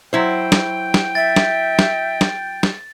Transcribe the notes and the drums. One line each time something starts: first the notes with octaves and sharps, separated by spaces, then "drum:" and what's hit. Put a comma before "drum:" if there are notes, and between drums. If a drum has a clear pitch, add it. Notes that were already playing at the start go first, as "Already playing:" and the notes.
F#3 E4 C5 G5
drum: snare
drum: snare
E5 A6
drum: snare
drum: snare
drum: snare
drum: snare